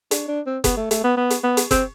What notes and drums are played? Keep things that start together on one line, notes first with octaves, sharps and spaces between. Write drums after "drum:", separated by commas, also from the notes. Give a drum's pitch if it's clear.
D4, drum: hi-hat
D4
C4
B3, drum: kick F#1, hi-hat
A3
A3, drum: hi-hat
B3
B3
drum: hi-hat
B3
drum: hi-hat
C4, drum: kick F#1, hi-hat